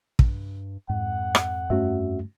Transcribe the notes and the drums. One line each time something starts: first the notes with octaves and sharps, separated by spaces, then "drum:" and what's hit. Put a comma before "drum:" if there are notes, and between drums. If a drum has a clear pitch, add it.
G2, drum: kick
F2 G#2 F#5
drum: rim click
G2 A3 C#4 F#4 E5